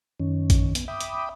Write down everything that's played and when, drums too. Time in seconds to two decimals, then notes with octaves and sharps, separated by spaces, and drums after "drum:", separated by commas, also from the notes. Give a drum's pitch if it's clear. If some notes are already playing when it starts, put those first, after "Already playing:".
0.20 F#2 D#3 C#4
0.50 drum: kick A1, hi-hat
0.75 B3, drum: hi-hat
0.88 E5 G5 B5 D6 D#6
1.01 drum: hi-hat